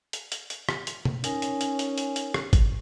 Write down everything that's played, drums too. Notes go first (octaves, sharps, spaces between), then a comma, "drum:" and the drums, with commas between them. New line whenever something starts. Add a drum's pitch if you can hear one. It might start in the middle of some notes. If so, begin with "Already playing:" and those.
drum: hi-hat
drum: hi-hat
drum: hi-hat
drum: rim click
drum: hi-hat
drum: tom
C#4 D#4 A#4 G#5, drum: hi-hat
drum: hi-hat
drum: hi-hat
drum: hi-hat
drum: hi-hat
drum: hi-hat
drum: rim click
drum: kick G#1, hi-hat